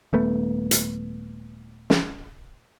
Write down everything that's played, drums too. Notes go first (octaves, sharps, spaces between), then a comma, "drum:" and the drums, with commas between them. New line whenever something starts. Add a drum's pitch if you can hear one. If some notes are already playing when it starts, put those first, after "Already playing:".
D#1 A3 B3
drum: hi-hat
drum: snare